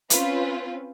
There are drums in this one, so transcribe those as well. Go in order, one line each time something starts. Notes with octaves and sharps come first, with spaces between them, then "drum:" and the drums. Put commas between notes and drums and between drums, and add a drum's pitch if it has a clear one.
C4 C#4 F4 B4, drum: hi-hat